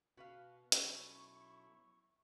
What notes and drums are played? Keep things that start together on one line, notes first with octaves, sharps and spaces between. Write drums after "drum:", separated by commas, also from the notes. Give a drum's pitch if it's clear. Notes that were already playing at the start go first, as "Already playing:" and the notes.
B2 F#4 B4 F5
B2 F#3 C#4 E4 A4 C#6, drum: hi-hat